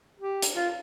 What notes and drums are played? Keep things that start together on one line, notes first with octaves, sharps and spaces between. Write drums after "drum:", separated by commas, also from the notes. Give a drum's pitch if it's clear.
G4
drum: hi-hat
F4